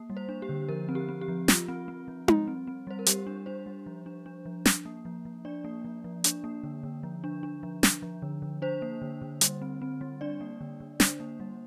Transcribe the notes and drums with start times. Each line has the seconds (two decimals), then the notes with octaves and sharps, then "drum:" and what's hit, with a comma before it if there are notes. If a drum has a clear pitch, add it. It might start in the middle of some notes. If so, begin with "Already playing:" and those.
Already playing: A#3
0.10 G3
0.17 C5
0.29 D4
0.42 G4
0.49 D3
0.69 F3 A#4
0.89 C4
0.95 G4
1.09 C4
1.21 G4
1.28 F3
1.48 F3 F4, drum: snare
1.68 C4
1.88 C4
2.08 F3
2.28 G3, drum: tom D#4
2.47 C4
2.67 C4
2.87 G3 C5
2.99 A#4
3.06 G3 G4, drum: hi-hat
3.27 D4
3.46 D4 C5
3.66 G3
3.86 F3
4.06 D4
4.26 D4
4.46 F3
4.66 D4, drum: snare
4.85 A#3
5.05 F3
5.25 F3
5.45 D4 D5
5.64 A#3
5.85 F3
6.04 F3
6.24 D4, drum: hi-hat
6.44 A#3
6.64 D3
6.83 D3
7.03 F3
7.24 D4
7.43 D4
7.63 F3
7.83 D4, drum: snare
8.02 F3
8.22 D3
8.42 D3
8.62 D4 C5
8.82 A#3
9.02 D3
9.22 D3
9.41 G3, drum: hi-hat
9.62 C4
9.82 C4
10.01 G3
10.21 D4 D5
10.41 A#3
10.61 D3
10.80 D3
11.00 D4 C5, drum: snare
11.20 A#3
11.40 G3